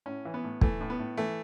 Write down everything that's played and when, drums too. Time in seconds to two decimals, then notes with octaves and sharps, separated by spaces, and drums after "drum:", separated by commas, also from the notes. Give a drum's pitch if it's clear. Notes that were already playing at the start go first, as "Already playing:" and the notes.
0.06 A2 C#4
0.25 E3
0.34 B3
0.44 A2
0.61 E3 A3, drum: kick
0.81 A2
0.90 B3
0.99 A2
1.17 E3 A3